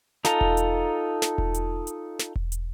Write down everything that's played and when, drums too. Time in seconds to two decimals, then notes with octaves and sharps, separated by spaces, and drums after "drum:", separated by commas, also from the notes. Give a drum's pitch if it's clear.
0.25 D#4 F4 A4 A#5, drum: snare
0.41 drum: kick E1
0.57 drum: hi-hat
1.22 drum: snare
1.38 drum: kick E1
1.54 drum: hi-hat
1.87 drum: hi-hat
2.19 drum: snare
2.36 drum: kick E1
2.52 drum: hi-hat